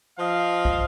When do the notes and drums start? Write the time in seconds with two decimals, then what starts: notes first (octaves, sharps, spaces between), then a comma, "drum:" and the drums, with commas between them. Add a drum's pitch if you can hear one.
0.18 F3 D#5 F5
0.65 drum: kick